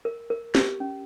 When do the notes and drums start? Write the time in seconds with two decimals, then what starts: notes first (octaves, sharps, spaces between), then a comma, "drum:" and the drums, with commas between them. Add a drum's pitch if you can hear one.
0.05 A#4
0.30 A#4
0.55 G4, drum: snare
0.80 C#4